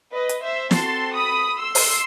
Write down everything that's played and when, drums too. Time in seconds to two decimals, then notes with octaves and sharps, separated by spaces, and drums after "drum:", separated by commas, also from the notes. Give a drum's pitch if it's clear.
0.12 B4 D#5
0.29 drum: hi-hat
0.42 C5 E5
0.71 C4 F#4 A4 A5 C6, drum: snare
1.15 B5 D#6
1.59 C6 E6
1.75 drum: open hi-hat